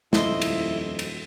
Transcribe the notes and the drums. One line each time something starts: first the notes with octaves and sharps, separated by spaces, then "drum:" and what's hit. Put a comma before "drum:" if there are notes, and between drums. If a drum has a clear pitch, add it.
D#1 F2 E4 D#5 C6, drum: snare
drum: cymbal
drum: cymbal